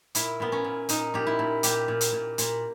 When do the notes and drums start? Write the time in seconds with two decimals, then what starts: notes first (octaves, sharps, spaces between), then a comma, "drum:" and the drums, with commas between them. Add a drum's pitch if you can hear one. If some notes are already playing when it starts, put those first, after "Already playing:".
0.15 A#2 E4, drum: hi-hat
0.40 A#2 B3
0.52 C#4
0.64 A#2
0.89 A#2 D#4, drum: hi-hat
1.14 A#2 G4
1.27 E4
1.39 A#2
1.63 A#2 G4, drum: hi-hat
1.88 A#2
2.01 drum: hi-hat
2.12 A#2
2.38 A#2, drum: hi-hat